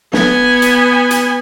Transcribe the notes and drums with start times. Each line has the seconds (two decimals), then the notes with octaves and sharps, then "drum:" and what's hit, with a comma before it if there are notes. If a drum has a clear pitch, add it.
0.13 B3 G#5, drum: snare
0.62 drum: hi-hat
1.11 drum: hi-hat